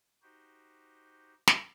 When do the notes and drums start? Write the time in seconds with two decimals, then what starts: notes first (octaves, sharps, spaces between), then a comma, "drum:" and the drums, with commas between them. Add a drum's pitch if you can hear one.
0.22 D#4 F#4 G4 C5
1.47 drum: snare